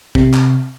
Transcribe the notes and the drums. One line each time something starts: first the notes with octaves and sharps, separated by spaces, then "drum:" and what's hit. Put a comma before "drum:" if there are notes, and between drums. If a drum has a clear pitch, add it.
C3, drum: kick
drum: clap